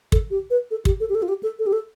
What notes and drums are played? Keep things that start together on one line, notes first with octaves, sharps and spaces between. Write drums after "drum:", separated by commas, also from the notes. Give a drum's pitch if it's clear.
A4, drum: kick
G4
B4
A4
G4, drum: kick
A4
G4
A4
F4
G4
A4
A4
G4
A4